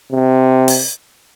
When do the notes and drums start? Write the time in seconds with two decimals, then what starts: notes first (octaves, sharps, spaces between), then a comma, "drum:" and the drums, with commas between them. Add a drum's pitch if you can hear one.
0.12 C3
0.68 drum: open hi-hat